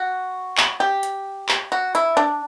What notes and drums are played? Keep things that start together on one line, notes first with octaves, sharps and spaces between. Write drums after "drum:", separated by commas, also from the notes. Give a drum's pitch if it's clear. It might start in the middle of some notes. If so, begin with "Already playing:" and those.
Already playing: F#4
drum: clap
G4
drum: hi-hat
drum: clap
F#4
E4, drum: hi-hat
D4